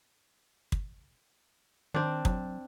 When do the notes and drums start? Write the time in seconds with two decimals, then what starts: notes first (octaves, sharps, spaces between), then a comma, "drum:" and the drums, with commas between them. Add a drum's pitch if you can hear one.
0.72 drum: kick
1.94 D#3 C4 D4
2.25 F#3, drum: kick